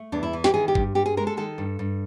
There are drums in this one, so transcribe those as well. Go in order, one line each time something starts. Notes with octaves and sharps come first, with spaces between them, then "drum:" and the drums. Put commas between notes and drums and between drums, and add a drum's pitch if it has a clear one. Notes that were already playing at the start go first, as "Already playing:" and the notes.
Already playing: A3
E2 D4
E4
E3
G4, drum: snare
D#3 G#4
G4
G2, drum: kick
G2 G4
G#4
G#3 A#4
A4
D#3 A4
G2
G2